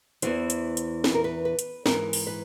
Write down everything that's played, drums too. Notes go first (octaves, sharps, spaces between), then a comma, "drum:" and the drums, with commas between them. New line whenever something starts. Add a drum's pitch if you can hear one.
E2 C3 E3 C5, drum: hi-hat
drum: hi-hat
drum: hi-hat
B4, drum: snare
A#4
B4
B4
drum: hi-hat
G#2 E3 A#4, drum: snare
drum: open hi-hat
B4